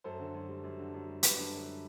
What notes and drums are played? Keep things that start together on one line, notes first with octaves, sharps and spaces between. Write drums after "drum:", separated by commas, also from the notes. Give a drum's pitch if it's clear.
F#2 A4 C5
D3
F#2
G3
F#2
D3
F#2
G3
F#2 G4 B4, drum: hi-hat
D3
F#2
G3